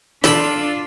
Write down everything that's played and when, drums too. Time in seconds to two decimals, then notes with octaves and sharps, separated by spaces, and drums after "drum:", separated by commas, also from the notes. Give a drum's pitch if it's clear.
0.24 D4 F4 A4 B5, drum: snare